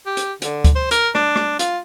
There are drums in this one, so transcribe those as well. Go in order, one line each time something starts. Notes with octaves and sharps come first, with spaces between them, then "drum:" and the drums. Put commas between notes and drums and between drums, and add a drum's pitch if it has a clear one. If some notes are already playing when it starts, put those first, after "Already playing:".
G4
drum: hi-hat
D3, drum: hi-hat
drum: kick D2, hi-hat
C5
A#4, drum: hi-hat
D4, drum: rim click
drum: rim click
F4, drum: hi-hat